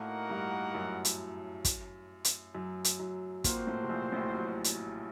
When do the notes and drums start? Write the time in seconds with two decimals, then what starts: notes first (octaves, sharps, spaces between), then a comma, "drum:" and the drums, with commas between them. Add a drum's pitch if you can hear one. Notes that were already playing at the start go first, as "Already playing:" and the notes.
Already playing: A2 A3 A#3 D#4 F#4 A#4 F#5
0.30 G2 G3
0.74 F#2 F#3
1.05 drum: hi-hat
1.65 drum: kick, hi-hat
2.24 drum: hi-hat
2.54 F#2 F#3
2.84 drum: hi-hat
2.99 F#2 F#3
3.44 A#2 A#3 C4 F#4 C5, drum: kick, hi-hat
3.67 A2 A3
3.83 C3
3.89 A#1 A#2
4.12 A1 A2
4.35 F#3
4.64 drum: hi-hat